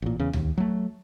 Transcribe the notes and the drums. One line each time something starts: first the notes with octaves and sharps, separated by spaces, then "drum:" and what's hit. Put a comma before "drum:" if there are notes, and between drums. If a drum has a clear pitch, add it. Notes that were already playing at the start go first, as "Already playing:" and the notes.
A1 A#2
E2 C#3
D#2, drum: tom C#2
F#3 A3